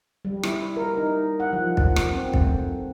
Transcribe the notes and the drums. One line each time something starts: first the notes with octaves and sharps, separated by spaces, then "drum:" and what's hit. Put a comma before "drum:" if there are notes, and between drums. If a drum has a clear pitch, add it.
G3
E4, drum: rim click
A#4
D#4
F#5
F3
drum: kick
drum: rim click
C4
A3, drum: kick